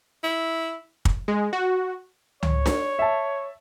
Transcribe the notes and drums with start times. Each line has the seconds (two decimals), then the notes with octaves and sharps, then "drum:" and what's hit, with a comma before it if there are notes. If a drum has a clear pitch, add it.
0.24 E4
1.05 drum: kick
1.28 G#3
1.53 F#4
2.43 C#5, drum: tom C#2
2.66 drum: snare D4
2.99 E5 A5